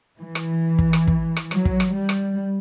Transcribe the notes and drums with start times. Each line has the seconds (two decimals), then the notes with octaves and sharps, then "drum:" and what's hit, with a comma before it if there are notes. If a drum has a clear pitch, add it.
0.21 E3
0.35 drum: rim click
0.79 drum: kick
0.93 drum: rim click
1.08 drum: kick
1.36 drum: rim click
1.51 F#3, drum: rim click
1.65 drum: kick
1.80 drum: rim click
1.94 G3
2.09 drum: rim click